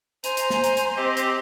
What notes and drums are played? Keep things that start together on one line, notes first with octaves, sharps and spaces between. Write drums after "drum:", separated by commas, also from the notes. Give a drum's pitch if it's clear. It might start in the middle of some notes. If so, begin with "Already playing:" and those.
C5 G#5 A#5, drum: hi-hat
drum: hi-hat
drum: snare
drum: hi-hat
drum: hi-hat
C4 G4 D#5
drum: hi-hat